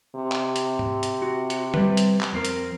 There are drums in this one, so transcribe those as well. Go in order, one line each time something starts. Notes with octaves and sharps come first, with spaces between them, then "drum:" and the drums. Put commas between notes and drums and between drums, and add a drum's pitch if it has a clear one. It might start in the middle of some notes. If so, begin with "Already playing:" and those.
C3
drum: clap
drum: hi-hat
drum: tom G#2
drum: hi-hat
F#4
drum: hi-hat
G3 B4, drum: tom D3
drum: hi-hat
drum: clap
F2 C4 A#4
drum: hi-hat